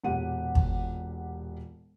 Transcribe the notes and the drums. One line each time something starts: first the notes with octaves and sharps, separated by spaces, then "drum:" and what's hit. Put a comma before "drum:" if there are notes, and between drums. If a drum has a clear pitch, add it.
E1 A#2 G4 F#5 D#7
drum: kick